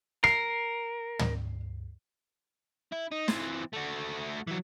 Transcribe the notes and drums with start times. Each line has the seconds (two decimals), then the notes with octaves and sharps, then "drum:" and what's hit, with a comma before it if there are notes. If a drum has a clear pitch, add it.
0.24 A#4 C7, drum: rim click
1.19 drum: tom
2.92 E4
3.12 D#4
3.28 E3 C4, drum: snare
3.73 A3 F#4
4.47 E3 F#3